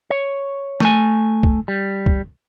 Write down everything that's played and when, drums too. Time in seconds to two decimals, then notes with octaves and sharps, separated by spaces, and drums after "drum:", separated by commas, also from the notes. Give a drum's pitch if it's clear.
0.10 C#5
0.80 A3 G#5, drum: snare
1.43 drum: kick
1.68 G3
2.06 drum: kick